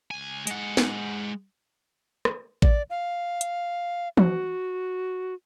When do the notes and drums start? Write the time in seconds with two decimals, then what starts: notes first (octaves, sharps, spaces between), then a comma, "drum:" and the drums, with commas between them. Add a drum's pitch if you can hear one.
0.11 C#2 G#5
0.47 G#3 F#5, drum: hi-hat
0.77 drum: snare
2.25 drum: rim click
2.62 D5, drum: kick A1
2.90 F5
3.41 drum: hi-hat
4.17 F#4, drum: tom E3